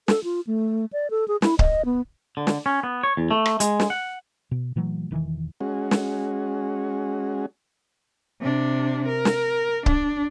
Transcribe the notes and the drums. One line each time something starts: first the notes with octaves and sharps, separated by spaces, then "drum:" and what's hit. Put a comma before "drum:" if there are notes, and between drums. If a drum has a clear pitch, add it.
A4, drum: snare
F4
A3
D5
A4
G#4
E4, drum: snare
D#5, drum: kick C#1
B3
D3
drum: snare
C#4
B3
C#5
E2
A3
drum: rim click
G#3, drum: hi-hat
drum: snare
F#5
B2
A#2 E3 F#3 A3
E1 D#3 E3
G#3 C#4 F#4
drum: snare
C3 D4
A#4
drum: snare
D4, drum: kick C#1